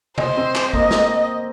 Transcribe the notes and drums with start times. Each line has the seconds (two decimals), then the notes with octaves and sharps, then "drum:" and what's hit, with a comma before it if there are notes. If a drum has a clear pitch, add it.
0.18 C5 D#5, drum: tom C3
0.37 C4
0.55 C4, drum: clap
0.73 A#3 D#5, drum: kick G#1
0.91 drum: snare